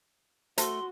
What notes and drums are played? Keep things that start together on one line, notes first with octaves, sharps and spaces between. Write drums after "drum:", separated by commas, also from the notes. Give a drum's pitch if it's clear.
A3 F#4 C5 A5 C6 A#6, drum: hi-hat